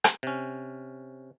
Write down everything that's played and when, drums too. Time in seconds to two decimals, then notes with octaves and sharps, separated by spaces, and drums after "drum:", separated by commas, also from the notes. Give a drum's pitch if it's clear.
0.04 drum: rim click
0.23 C3 C#4